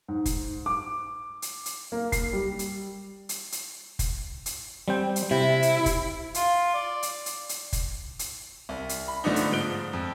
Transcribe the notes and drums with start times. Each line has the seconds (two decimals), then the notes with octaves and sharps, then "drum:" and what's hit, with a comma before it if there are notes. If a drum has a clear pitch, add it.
0.08 G#2
0.26 drum: kick F1, hi-hat
0.66 D6
1.42 drum: hi-hat
1.66 drum: hi-hat
1.92 A#3
2.12 C7, drum: kick F1, hi-hat
2.33 G3
2.59 drum: hi-hat
3.29 drum: hi-hat
3.52 drum: hi-hat
3.99 drum: kick F1, hi-hat
4.46 drum: hi-hat
4.88 G3 C4 G5
5.16 drum: hi-hat
5.31 C3 E4
5.62 drum: hi-hat
5.86 drum: kick F1, hi-hat
6.34 F4, drum: hi-hat
6.74 D5
7.03 drum: hi-hat
7.26 drum: hi-hat
7.49 drum: hi-hat
7.73 drum: kick F1, hi-hat
8.19 drum: hi-hat
8.69 C2
8.89 drum: hi-hat
9.08 B5
9.24 D3 F3 A3 B3 D4 D#4
9.36 drum: hi-hat
9.51 G#2 F3 D7 G7
9.93 F2